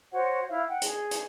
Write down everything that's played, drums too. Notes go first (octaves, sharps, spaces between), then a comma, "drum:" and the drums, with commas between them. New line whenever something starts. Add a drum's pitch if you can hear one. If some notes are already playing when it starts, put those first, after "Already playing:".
F#4 C5 C#5 F#5
E4 F5
F#5 G5
G#4, drum: hi-hat
drum: hi-hat